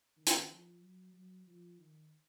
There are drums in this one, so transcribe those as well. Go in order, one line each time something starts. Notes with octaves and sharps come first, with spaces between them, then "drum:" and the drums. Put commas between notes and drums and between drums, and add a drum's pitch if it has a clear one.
D#3
drum: hi-hat
F3
F#3
F#3
F3
D#3